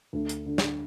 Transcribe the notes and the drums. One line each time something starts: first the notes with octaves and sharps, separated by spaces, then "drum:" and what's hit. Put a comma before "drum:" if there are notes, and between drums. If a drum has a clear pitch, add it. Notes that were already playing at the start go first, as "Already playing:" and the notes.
D2
drum: hi-hat
D3
drum: snare